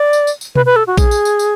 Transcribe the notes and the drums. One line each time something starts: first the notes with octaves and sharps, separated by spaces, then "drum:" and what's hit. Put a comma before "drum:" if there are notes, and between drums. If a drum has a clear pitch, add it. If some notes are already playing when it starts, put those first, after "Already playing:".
Already playing: D5
drum: tambourine
drum: tambourine
drum: tambourine
B4, drum: tom B2
B4
A4
F#4
G#4, drum: kick A#1, tambourine
drum: tambourine
drum: tambourine
drum: tambourine